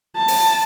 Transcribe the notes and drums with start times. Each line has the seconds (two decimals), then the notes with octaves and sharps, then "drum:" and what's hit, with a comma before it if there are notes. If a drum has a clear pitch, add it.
0.17 A5
0.28 drum: open hi-hat